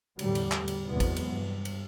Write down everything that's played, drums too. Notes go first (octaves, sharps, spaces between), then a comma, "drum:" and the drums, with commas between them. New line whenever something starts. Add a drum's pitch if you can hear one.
E2 A2 D3 G3, drum: cymbal
drum: cymbal
drum: clap
drum: cymbal
E2 C3 E3 F#3 G#3 B3
drum: kick, cymbal
drum: cymbal
G2
drum: cymbal